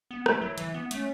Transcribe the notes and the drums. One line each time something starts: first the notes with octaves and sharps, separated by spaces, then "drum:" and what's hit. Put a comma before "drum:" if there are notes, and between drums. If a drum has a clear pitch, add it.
B3
A3 E4, drum: rim click
F#3
E3, drum: hi-hat
B3
A3 C#4, drum: hi-hat